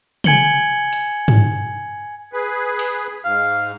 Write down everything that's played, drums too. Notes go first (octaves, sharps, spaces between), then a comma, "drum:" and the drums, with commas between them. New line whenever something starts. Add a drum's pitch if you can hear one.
G#5 G#6 C#7 F#7 G7, drum: tom
drum: hi-hat
drum: tom
G#4 B4
drum: open hi-hat
G#2 F5